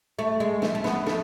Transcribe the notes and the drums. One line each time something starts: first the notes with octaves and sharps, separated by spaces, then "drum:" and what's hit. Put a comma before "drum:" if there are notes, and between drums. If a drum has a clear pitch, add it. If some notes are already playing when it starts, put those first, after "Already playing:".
A3
G#3
A3, drum: snare
A3
B3, drum: snare
A3, drum: snare